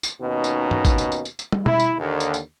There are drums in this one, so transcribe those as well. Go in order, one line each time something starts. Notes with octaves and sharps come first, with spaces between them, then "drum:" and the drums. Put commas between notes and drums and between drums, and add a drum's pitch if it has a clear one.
drum: tambourine
D#2 B2 C#4 D#4
drum: tambourine
drum: tom G2
drum: kick, tambourine
drum: tambourine
drum: tambourine
drum: tambourine
drum: tambourine
drum: tom
E4, drum: tom
drum: tambourine
D#2 D3
drum: tambourine
drum: tambourine